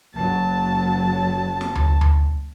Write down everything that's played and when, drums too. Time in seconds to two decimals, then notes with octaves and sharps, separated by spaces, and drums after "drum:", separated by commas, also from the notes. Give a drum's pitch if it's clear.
0.15 F#1 F#3 A5
1.61 drum: snare
1.75 drum: tom D2
2.01 drum: tom D2